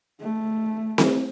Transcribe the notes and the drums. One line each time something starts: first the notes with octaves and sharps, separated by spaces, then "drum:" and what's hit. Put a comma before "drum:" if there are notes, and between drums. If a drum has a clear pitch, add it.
A3
drum: snare C4